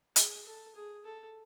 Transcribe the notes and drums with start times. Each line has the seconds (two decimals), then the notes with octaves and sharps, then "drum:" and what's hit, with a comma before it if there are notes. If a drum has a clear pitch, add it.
0.16 G#4, drum: hi-hat
0.46 A4
0.75 G#4
1.05 A4